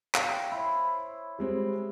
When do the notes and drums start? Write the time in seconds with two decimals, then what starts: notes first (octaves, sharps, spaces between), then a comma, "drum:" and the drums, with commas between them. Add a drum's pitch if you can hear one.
0.15 F5 G5, drum: clap
0.51 E4 C5 C#5
1.39 G3 G#3 C4